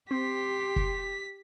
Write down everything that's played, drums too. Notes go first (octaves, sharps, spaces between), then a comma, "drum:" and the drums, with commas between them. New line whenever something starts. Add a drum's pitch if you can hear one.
C4 G4 C6 B6
drum: kick